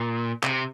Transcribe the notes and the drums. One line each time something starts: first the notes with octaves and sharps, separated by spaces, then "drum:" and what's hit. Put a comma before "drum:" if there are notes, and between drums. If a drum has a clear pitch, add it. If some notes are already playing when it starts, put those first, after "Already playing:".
Already playing: A#2
C3, drum: clap